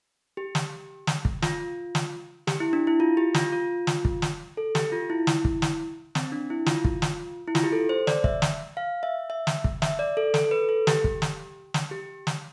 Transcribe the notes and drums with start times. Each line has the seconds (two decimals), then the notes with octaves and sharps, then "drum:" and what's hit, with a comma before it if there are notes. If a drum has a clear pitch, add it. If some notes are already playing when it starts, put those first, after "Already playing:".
0.37 G4
0.55 drum: snare
1.07 drum: snare
1.25 drum: kick
1.42 F4, drum: snare
1.95 drum: snare
2.47 G4, drum: snare
2.60 E4
2.73 D4
2.87 E4
3.00 F4
3.17 G4
3.34 F4, drum: snare
3.53 F4
3.87 drum: snare
4.05 drum: kick
4.22 drum: snare
4.57 A4
4.75 G4, drum: snare
4.92 F4
5.10 E4
5.27 drum: snare
5.45 drum: kick
5.62 drum: snare
6.15 C4, drum: snare
6.32 D4
6.50 E4
6.66 F4, drum: snare
6.84 drum: kick
7.02 drum: snare
7.47 E4
7.55 F4, drum: snare
7.63 G4
7.72 A4
7.89 C5
8.07 D5, drum: snare
8.24 E5, drum: kick
8.42 drum: snare
8.77 F5
9.03 E5
9.30 E5
9.47 drum: snare
9.64 drum: kick
9.82 E5, drum: snare
9.99 D5
10.17 A4
10.34 A4, drum: snare
10.51 B4
10.69 A4
10.87 G4, drum: snare
11.04 drum: kick
11.22 drum: snare
11.74 drum: snare
11.91 G4
12.27 drum: snare